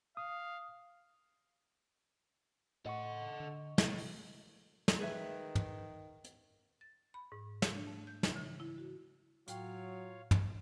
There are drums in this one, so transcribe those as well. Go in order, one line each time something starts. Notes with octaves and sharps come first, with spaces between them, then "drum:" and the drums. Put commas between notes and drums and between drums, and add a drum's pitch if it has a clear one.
F5 D#6
A2 A4 D#5 F#5 C#6
D3
A2 C3, drum: snare
drum: open hi-hat
drum: snare
D#3 G#4 B4 E5
drum: tom
drum: hi-hat
A6
B5
G#2
drum: snare
D4
A3
G6
E3, drum: snare
C#3
E4
F#4
A2 F#3 F4 C#5 F5 G5, drum: hi-hat
drum: tom